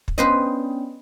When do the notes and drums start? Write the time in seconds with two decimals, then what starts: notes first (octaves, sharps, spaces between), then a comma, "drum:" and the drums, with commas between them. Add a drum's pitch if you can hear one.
0.08 drum: kick
0.18 B3 C#4 D4 B4 C5 D#5